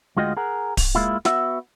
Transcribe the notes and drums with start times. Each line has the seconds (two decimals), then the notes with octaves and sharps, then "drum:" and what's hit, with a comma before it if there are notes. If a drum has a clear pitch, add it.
0.17 D2 G#3 F4 F#4 D#5 G5
0.37 G#4 A#4 F#5
0.77 drum: kick D1, open hi-hat
0.95 G#3 A#3 E4 F4
1.25 B3 F#4 E5, drum: snare